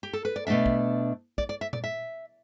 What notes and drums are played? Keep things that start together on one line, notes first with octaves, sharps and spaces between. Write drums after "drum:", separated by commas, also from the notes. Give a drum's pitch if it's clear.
G4
A4
B4
D5
B2 A3 D4 E5
drum: kick
D5, drum: kick
D5
E5
D5, drum: tom A#2
E5